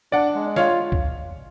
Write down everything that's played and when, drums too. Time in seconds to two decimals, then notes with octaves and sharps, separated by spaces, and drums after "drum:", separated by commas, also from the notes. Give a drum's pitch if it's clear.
0.12 D4 D5 F#5
0.35 G#3
0.56 F4 C#5 F5, drum: snare
0.92 drum: kick